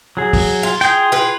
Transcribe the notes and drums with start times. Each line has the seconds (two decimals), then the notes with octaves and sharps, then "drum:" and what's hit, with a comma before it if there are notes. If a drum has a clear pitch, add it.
0.17 F#3 G#4
0.33 drum: kick, open hi-hat
0.63 F4
0.81 G#4 G5, drum: hi-hat
1.12 F4 B4